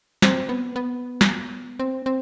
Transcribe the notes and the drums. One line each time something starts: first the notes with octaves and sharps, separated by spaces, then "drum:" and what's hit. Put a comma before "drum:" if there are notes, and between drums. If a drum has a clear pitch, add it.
C4, drum: snare
B3
B3
drum: snare
C4
C4